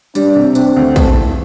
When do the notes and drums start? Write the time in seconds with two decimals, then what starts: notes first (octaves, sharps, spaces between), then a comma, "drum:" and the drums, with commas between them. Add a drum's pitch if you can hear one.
0.15 G3 D4, drum: hi-hat
0.36 C3
0.55 C4 D4, drum: hi-hat
0.76 D2
0.96 A3, drum: kick, hi-hat
1.17 E3